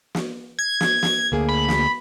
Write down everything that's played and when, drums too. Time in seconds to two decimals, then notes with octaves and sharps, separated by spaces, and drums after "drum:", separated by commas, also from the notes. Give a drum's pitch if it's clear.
0.15 drum: snare
0.59 G#6
0.81 drum: snare
1.03 drum: snare
1.32 D2 A#3 G#4
1.49 B5
1.69 drum: snare